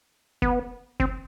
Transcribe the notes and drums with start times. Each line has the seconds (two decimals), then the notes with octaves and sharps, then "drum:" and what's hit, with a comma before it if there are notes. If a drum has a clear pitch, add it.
0.42 B3, drum: kick
1.00 C4, drum: kick